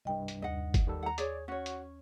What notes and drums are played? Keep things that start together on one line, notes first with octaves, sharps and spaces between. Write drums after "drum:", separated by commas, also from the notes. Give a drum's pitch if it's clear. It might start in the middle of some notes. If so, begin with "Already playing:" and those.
C2 G2 D#5 G5
drum: hi-hat
D#2 D#5 F#5
drum: kick G1, hi-hat
D#3 G3 A4
F#5 A#5
G#4 C#5 D5, drum: hi-hat
C#4 F#4 C#5 F#5
drum: hi-hat